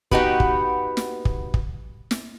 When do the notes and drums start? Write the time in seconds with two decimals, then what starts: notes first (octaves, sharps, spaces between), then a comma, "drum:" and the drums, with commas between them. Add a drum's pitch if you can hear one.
0.11 B3 D#4 F#4 G4 B4, drum: kick
0.40 drum: kick
0.97 drum: snare
1.25 drum: kick
1.54 drum: kick
2.11 drum: snare